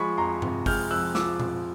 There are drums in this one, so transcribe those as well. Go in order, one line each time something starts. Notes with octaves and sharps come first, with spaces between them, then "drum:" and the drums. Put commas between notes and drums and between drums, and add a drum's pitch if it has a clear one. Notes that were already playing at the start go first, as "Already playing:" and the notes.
Already playing: F3 G#3 B5 C#6
F2 A#5 C6
C3, drum: tom G2
G#3 F6 G6, drum: kick G1, open hi-hat
F2 E6 F#6
F3 D6 E6, drum: snare
F2, drum: tom A#2